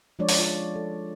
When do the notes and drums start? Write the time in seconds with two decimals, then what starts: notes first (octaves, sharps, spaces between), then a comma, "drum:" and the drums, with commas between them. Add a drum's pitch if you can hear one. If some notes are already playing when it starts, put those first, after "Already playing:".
0.19 F3 G#3 D4 C#5 D5
0.29 drum: open hi-hat
0.39 F4
0.76 A4